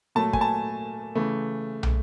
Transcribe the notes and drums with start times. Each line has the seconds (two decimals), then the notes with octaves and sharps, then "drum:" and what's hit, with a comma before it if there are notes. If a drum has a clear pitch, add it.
0.15 A#2 F#3 A3 A5
0.33 G#5, drum: kick
0.41 A5
1.15 C#3 E3 A3
1.83 drum: tom